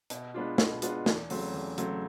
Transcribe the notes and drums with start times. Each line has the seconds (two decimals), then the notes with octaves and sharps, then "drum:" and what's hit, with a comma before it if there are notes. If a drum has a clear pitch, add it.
0.10 B2, drum: hi-hat
0.34 G#3 B3 D4 F4
0.58 B2, drum: snare
0.82 G#3 B3 D4 F4, drum: hi-hat
1.06 E2, drum: snare
1.30 C#3 F#3 A3 C4, drum: open hi-hat
1.54 E2
1.78 C#3 F#3 A3 C4, drum: hi-hat